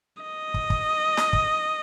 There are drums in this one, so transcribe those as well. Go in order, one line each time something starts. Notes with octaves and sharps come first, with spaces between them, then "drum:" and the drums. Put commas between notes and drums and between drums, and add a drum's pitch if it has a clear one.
D#5
drum: kick
drum: kick
drum: snare
drum: kick